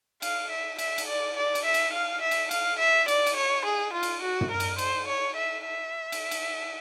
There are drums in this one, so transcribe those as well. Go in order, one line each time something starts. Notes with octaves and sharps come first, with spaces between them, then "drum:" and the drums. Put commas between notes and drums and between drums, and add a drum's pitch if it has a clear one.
F5, drum: cymbal
E5
E5, drum: cymbal
drum: cymbal
D5
D5
drum: cymbal
E5
drum: cymbal
F5
E5
drum: cymbal
F5, drum: cymbal
E5
D5, drum: cymbal
drum: cymbal
C#5
G#4
F4
drum: cymbal
F#4
drum: tom
A#4
drum: cymbal
C5, drum: cymbal
C#5
E5
E5
drum: cymbal
drum: cymbal